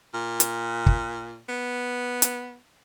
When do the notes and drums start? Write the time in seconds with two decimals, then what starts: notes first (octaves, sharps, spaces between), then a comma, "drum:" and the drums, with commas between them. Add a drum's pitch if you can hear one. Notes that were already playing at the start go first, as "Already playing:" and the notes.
0.14 A#2
0.40 drum: hi-hat
0.86 drum: kick
1.49 B3
2.22 drum: hi-hat